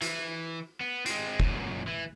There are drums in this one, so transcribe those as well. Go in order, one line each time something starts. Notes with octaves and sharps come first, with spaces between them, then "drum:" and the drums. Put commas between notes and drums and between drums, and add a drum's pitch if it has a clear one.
E3, drum: hi-hat
B3
G#3 C4, drum: hi-hat
F#2 A#2, drum: kick
E3